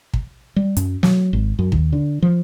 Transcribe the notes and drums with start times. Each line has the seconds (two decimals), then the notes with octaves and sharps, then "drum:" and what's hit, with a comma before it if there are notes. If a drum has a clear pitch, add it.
0.14 drum: kick
0.56 G3
0.77 F#2, drum: hi-hat
1.03 F#3, drum: snare
1.33 G#1
1.59 F#2
1.72 D#2, drum: kick
1.93 D3
2.22 F3